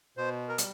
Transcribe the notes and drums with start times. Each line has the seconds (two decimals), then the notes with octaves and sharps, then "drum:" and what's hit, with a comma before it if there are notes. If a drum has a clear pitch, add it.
0.17 B2 C5
0.49 A#4
0.58 G3, drum: hi-hat